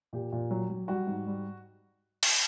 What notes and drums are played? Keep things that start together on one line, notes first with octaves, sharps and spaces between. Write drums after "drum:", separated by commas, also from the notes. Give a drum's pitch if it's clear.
A#2 G4
A#2
F#3
F#3
G3 F#4
G#2
G3
drum: cymbal